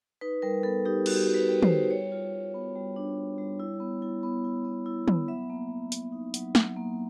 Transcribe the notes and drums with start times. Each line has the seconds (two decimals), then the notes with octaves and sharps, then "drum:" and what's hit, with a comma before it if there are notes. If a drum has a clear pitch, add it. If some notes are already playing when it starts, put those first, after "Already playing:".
0.21 D#4 B4
0.42 G3 A#4
0.63 B3 A4
0.85 D#4 G4
1.06 G3 F#4, drum: cymbal
1.14 G4
1.23 G3 F#4
1.34 B4
1.49 G3
1.62 C5, drum: tom
1.69 G3
1.90 G3 C#5
2.12 F4
2.33 G3
2.54 B3
2.75 G3
2.96 D4
3.17 D4
3.38 G3
3.60 E4
3.80 B3
4.02 E4
4.23 B3
4.44 E4
4.65 B3
4.86 E4
5.08 B3, drum: tom
5.28 F#3 E5
5.50 A#3
5.70 F#3
5.92 A#3, drum: hi-hat
6.12 D#4
6.34 F#3, drum: hi-hat
6.55 F#3, drum: snare
6.76 A#3